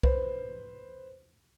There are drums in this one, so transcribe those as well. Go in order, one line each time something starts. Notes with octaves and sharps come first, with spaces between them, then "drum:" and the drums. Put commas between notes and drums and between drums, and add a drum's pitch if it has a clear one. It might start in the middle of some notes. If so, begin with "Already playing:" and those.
B4 C5, drum: kick C2